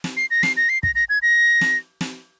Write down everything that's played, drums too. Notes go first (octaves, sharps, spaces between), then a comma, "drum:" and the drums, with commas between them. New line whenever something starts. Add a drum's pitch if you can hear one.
drum: snare
C7
A#6
C7, drum: snare
A#6
C7
A#6, drum: kick
A#6
G#6
A#6
drum: snare
drum: snare